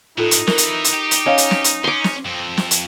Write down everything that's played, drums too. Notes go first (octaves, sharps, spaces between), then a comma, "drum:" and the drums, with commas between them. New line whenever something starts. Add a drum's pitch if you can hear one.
A2 D#4 F4 A4
drum: hi-hat
E3 A#4, drum: snare
drum: hi-hat
drum: hi-hat
G4
drum: hi-hat
C#4 D#5 F5
drum: hi-hat
drum: snare
drum: hi-hat
C#4 C6 D6
drum: snare
F2 C4
drum: snare
drum: hi-hat